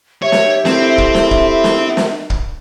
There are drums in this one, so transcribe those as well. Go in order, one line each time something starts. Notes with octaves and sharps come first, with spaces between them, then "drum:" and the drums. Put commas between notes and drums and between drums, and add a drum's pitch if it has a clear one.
G4 C#5 E5
drum: snare
C4 E4 A4, drum: snare
drum: kick
drum: snare
drum: kick
drum: snare
drum: snare
drum: kick